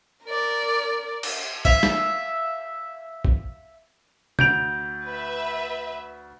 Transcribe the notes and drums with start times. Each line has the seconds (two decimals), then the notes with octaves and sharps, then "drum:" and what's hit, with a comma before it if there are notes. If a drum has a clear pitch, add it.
0.25 A#4 D5
1.23 drum: cymbal
1.65 E5 F5, drum: kick G#1
1.83 drum: snare
3.25 drum: kick G#1
4.39 D2 G6 D7 F7, drum: tom
5.06 B4 E5